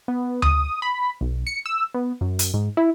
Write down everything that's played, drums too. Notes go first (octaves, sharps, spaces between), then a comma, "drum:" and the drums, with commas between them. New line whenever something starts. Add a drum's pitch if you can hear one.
B3
D#6, drum: tom D2
B5
B1
C#7
E6
B3
F#2
drum: hi-hat
G#2
E4